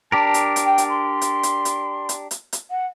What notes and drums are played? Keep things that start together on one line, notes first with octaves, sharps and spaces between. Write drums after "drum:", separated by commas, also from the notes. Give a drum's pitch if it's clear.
D4 G4 A#4 A5
drum: hi-hat
drum: hi-hat
G5
drum: hi-hat
C6
drum: hi-hat
drum: hi-hat
drum: hi-hat
drum: hi-hat
drum: hi-hat
drum: hi-hat
F#5